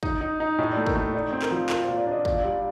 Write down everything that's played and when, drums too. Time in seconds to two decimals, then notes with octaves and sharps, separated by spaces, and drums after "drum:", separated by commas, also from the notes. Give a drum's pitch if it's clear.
0.03 D#4 D#5, drum: kick
0.21 D#4
0.40 D#4
0.59 A2 D#5
0.72 A3 D5
0.86 A#4, drum: kick
0.95 A3
1.14 D#4 D5
1.33 C4
1.42 A#4, drum: clap
1.51 F3
1.70 F4 A#4, drum: clap
1.84 A#2 C5
1.97 D5
2.07 D4 D#5
2.25 A#2 D5, drum: kick
2.44 G3 D5